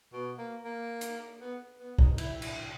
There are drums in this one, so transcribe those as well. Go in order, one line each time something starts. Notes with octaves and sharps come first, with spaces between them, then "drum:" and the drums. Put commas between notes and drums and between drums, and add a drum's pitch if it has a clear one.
B2
A#3
A#3
drum: hi-hat
B3
B3
D#4, drum: kick
E4, drum: cymbal
E4, drum: cymbal